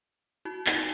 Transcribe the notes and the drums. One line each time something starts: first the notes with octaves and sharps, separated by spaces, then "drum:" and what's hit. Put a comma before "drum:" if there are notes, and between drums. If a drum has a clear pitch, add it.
E4 F#4
D#4, drum: clap
E4